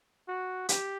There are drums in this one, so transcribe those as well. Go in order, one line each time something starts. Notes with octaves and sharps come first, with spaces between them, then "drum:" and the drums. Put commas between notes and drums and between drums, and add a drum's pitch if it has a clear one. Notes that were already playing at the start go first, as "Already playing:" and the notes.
F#4
G4, drum: hi-hat